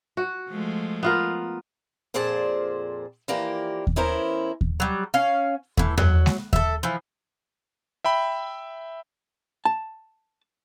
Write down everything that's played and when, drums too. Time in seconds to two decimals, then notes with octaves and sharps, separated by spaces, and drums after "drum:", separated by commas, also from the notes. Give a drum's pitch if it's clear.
0.17 F#4
0.49 F3 G#3 A3
1.03 B3 F4 A#4
2.14 F2 A#2 G#4 C5 D5 A5
3.28 E3 F3 A#3 G4 A#4 D5
3.87 drum: kick D#2
3.96 E3 B3 C#4 E4 A#4 C5
4.61 drum: kick D#2
4.80 F#3 G3
5.14 C#4 F5
5.77 A2 E3, drum: kick D#2
5.98 F#3, drum: tom E2
6.26 drum: snare G#3
6.53 A4 E5, drum: kick D#2
6.83 E3 F3
8.05 E5 G5 B5
9.65 A5